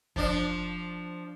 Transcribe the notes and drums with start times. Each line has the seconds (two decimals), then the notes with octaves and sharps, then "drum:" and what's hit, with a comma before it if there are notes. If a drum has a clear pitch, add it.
0.16 F3 D4, drum: kick F#1